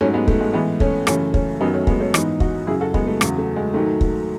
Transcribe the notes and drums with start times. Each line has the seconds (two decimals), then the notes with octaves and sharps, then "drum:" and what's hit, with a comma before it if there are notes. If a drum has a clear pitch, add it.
0.01 G#2 F#3 A3 C#4
0.14 G#3 B3
0.28 A3, drum: kick
0.41 G#3
0.53 A2 E3 G#3 B3
0.80 A3 C#4, drum: kick
1.07 F#2 C#3 E3 A3 C#4, drum: rim click
1.34 A3 C#4, drum: kick
1.61 F#2 D#3 F#3 B3 D#4
1.74 A3 C#4
1.87 G#3 B3, drum: kick
2.00 A3 C#4
2.14 G#2 E3 B3 D#4, drum: rim click
2.40 D#4 F#4, drum: kick
2.67 F#2 C#3 F#3 E4 G#4
2.81 F#4 A4
2.94 G#3 B3, drum: kick
3.07 A3
3.21 E2 C#3 F#3 A3, drum: rim click
3.38 A3
3.56 G#3
3.74 G#2 D#3 F#3 A3
4.01 drum: kick